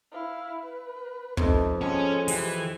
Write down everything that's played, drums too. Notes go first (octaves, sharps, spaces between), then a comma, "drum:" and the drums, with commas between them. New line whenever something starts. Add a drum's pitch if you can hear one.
E4 F5
B4
F2 A3 D#4 A4, drum: kick
G#3 C#4 A4 F5 G#5
E3 G4 B4, drum: open hi-hat